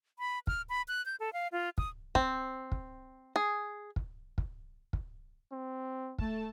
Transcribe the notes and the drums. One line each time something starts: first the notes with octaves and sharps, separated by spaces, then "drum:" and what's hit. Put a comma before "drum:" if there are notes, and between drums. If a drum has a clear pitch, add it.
B5
F6, drum: kick
B5
F#6
G6
A4
F5
F4
D#6, drum: kick
C4, drum: kick
drum: kick
G#4
drum: kick
drum: kick
drum: kick
C4
A3 A5, drum: kick